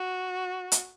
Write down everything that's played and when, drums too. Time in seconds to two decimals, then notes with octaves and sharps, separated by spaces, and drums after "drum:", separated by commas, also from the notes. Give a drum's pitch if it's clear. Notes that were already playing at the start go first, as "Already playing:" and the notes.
Already playing: F#4
0.72 drum: hi-hat